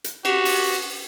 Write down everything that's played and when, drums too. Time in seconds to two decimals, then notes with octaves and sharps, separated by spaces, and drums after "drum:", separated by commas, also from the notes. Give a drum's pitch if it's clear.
0.04 drum: hi-hat
0.25 F#4 G4, drum: cymbal
0.45 drum: open hi-hat